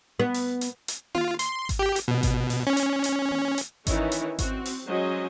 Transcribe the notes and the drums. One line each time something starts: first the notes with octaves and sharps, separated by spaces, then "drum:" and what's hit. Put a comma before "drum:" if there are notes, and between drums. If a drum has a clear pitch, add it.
B3
drum: open hi-hat
drum: hi-hat
drum: hi-hat
F4, drum: tom A#3
C6, drum: hi-hat
drum: kick G#1, hi-hat
G4
drum: hi-hat
B2
drum: kick G#1, hi-hat
drum: open hi-hat
C#4
drum: hi-hat
drum: hi-hat
drum: tom A#3
drum: hi-hat
D#3 E3 C#4 D#4 E4 C#5, drum: kick G#1, hi-hat
drum: hi-hat
C4 F#4, drum: kick G#1, hi-hat
drum: open hi-hat
F#3 G#3 C#4 C5 D#5